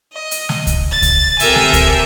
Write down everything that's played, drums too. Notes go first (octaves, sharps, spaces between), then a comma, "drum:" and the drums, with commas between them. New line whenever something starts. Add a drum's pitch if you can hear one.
D#5
drum: hi-hat
drum: snare
drum: kick C#2, hi-hat
A6
drum: kick C#2, hi-hat
C4 G4 A4 A#4 E5 G#5, drum: hi-hat
drum: snare
drum: kick C#2, hi-hat